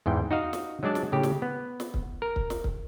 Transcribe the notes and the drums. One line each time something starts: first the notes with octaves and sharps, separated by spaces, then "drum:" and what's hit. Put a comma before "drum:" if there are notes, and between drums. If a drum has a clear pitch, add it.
E2 G#2 E3 G5
D#4 F#4 D#5 F5
drum: snare
F#3 G#3 D4 D5 A5
drum: snare
A2 C#3 G4 G5
drum: snare
B3
drum: snare
drum: kick C#1
A#4
drum: kick C#1
drum: snare
drum: kick C#1